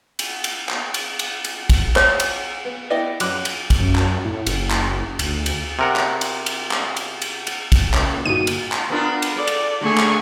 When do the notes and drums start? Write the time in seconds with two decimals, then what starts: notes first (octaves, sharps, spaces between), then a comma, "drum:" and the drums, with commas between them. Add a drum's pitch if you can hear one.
0.19 drum: cymbal
0.44 drum: cymbal
0.69 drum: clap
0.94 drum: cymbal
1.19 drum: cymbal
1.44 drum: cymbal
1.70 drum: kick, cymbal
1.96 C#5, drum: clap
2.20 drum: cymbal
2.65 B3
2.90 B3 E4 D5 D#5 G5
3.20 F#2 D6 F#6, drum: cymbal
3.45 drum: cymbal
3.70 drum: kick, cymbal
3.80 F#2
3.95 drum: clap
4.25 A2
4.47 F#1, drum: cymbal
4.71 drum: clap
5.19 D2, drum: cymbal
5.46 drum: cymbal
5.79 C3 A#4 F#5
5.96 drum: clap
6.21 drum: cymbal
6.46 drum: cymbal
6.71 drum: clap
6.97 drum: cymbal
7.22 drum: cymbal
7.47 drum: cymbal
7.72 drum: kick, cymbal
7.94 C#2 A#2, drum: clap
8.25 G1 A#2 D#4 F#4 D#5 D#7
8.47 drum: cymbal
8.72 drum: clap
8.90 B3 D4 F4 A#4
9.22 drum: cymbal
9.35 A4 D5
9.47 drum: cymbal
9.81 D3 A3 G#4 G#5 C#6
9.98 drum: clap